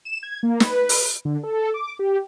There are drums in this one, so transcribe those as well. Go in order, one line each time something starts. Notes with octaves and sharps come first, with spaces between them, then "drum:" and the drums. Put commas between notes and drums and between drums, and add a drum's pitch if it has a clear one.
E7
G#6
A#3
B4, drum: snare
drum: open hi-hat
D3
A4
D6
G4